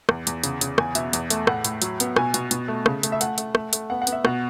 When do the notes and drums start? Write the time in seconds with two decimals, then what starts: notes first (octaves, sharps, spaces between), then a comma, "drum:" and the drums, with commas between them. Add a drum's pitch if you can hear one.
0.09 E2, drum: rim click
0.27 E2, drum: hi-hat
0.44 C#3, drum: hi-hat
0.61 C#3, drum: hi-hat
0.78 E2 G#5, drum: rim click
0.95 B2 E5, drum: hi-hat
1.13 E2, drum: hi-hat
1.30 A3, drum: hi-hat
1.47 A2 F#5, drum: rim click
1.65 A2, drum: hi-hat
1.82 F#3, drum: hi-hat
2.00 B3, drum: hi-hat
2.16 B2 G#5, drum: rim click
2.34 B2, drum: hi-hat
2.51 B2, drum: hi-hat
2.68 A3
2.86 C#3, drum: rim click
3.03 A3, drum: hi-hat
3.12 E5
3.21 A3 F#5, drum: hi-hat
3.38 A3, drum: hi-hat
3.55 A3, drum: rim click
3.73 A3, drum: hi-hat
3.90 B3 F#5
4.02 F#5
4.07 B3, drum: hi-hat
4.12 E5
4.25 B2 F#5, drum: rim click